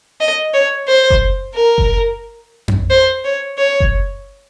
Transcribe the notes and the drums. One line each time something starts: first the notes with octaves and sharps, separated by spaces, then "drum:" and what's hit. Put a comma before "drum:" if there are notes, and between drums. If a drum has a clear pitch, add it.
D#5
C#5
C5
drum: kick F#1
A#4
drum: kick F#1
drum: tom F2
C5
C#5
C#5
drum: kick F#1